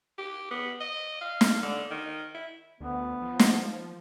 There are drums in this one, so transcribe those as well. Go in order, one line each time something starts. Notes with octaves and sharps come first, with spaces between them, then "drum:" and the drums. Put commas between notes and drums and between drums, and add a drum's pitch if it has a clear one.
G4
B3
D#5
F5
drum: snare
D3
D#3
E4
D2 B3
F3
drum: snare